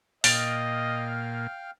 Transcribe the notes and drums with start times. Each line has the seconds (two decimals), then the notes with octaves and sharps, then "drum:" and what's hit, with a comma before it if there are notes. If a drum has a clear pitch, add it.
0.24 A#2 D#5 F5 G5 F6 A6 D7 F7, drum: open hi-hat